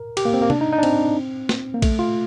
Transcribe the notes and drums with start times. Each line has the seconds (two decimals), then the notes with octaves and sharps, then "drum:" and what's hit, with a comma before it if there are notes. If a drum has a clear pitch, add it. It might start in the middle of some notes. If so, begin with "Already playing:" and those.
Already playing: A#4
0.17 G4, drum: cymbal
0.25 A#3
0.34 C4
0.42 A#3
0.50 D4, drum: tom C3
0.61 D#4
0.72 D#4
0.79 D4
0.83 C4, drum: cymbal
1.49 drum: snare
1.74 A#3
1.82 A3, drum: kick A#1, cymbal
1.99 F4